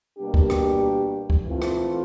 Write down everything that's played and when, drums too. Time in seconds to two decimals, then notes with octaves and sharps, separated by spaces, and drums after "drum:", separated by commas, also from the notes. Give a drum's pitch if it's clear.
0.18 B2 G3 A#3 D4 G4
0.34 drum: kick C#2
0.50 drum: rim click
1.30 drum: kick C#2
1.45 E3 A3 C4 F4 A4
1.62 drum: rim click